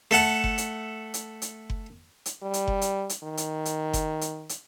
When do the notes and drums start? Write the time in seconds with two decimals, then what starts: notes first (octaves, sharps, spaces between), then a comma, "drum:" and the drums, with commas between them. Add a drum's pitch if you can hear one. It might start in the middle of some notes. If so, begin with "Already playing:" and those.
0.11 A3 A4 F#5 A5
0.44 drum: kick F#1
0.58 drum: hi-hat
1.14 drum: hi-hat
1.42 drum: hi-hat
1.70 drum: kick F#1
2.26 drum: hi-hat
2.43 G3
2.54 drum: hi-hat
2.68 drum: kick F#1
2.81 drum: hi-hat
3.09 drum: hi-hat
3.23 D#3
3.37 drum: hi-hat
3.65 drum: hi-hat
3.93 drum: kick F#1, hi-hat
4.21 drum: hi-hat
4.49 drum: hi-hat